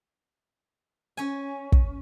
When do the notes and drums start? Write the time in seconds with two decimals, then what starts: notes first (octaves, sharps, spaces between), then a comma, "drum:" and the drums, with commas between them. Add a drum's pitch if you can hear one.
1.17 C#4 G#5
1.72 drum: kick